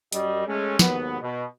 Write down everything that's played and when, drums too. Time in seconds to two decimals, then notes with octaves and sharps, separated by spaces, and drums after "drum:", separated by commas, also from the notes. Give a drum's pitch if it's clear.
0.12 F#2 G3 D#5, drum: hi-hat
0.46 G#3 A3 C#4
0.79 D#2 G#2 F#3 B3, drum: snare
1.21 B2